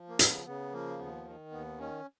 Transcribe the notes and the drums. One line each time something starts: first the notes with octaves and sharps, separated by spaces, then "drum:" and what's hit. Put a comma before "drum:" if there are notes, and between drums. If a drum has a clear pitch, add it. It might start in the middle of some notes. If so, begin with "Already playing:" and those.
Already playing: F3
A#3
C#3 B3, drum: hi-hat
C#3 B3
F3 A#3
D#2 B3
D#3
D#2 B3
D#3 C#4